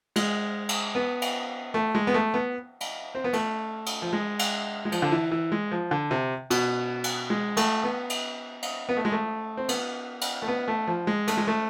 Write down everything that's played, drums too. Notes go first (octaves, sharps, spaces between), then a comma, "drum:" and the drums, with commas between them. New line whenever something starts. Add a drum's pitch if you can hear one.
G#3, drum: cymbal
drum: cymbal
B3
drum: cymbal
A3
G#3
B3
A3
B3
drum: cymbal
C4
B3
A3, drum: cymbal
drum: cymbal
F3
G#3
drum: cymbal
G#3
F3, drum: cymbal
D3
E3
E3
G#3
F3
D3
C3
B2, drum: cymbal
drum: cymbal
G#3
A3, drum: cymbal
B3
drum: cymbal
drum: cymbal
B3
A3
G#3
A3
C4
B3, drum: cymbal
drum: cymbal
A3
B3
A3
F3
G#3
A3, drum: cymbal
G#3
A3